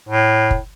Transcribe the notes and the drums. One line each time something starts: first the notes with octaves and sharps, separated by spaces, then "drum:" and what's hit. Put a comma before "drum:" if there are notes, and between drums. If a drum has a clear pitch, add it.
A2
drum: kick